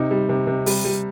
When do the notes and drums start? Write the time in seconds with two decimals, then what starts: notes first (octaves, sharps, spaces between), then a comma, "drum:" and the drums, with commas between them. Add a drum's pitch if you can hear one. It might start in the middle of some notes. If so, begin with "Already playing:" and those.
Already playing: C3 D#4
0.11 G3
0.29 C3
0.47 C3
0.66 G3, drum: open hi-hat
0.84 G3